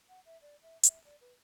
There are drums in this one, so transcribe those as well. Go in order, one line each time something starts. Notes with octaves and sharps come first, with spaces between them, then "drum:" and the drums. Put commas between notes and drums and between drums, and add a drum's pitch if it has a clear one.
F#5
E5
D5
E5
E5, drum: hi-hat
D5
B4